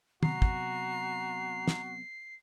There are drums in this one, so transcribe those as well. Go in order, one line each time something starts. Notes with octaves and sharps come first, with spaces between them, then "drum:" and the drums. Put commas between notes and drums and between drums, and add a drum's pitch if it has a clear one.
C3 F#3 B3 F#4 A#5 C7, drum: tom
drum: kick
drum: snare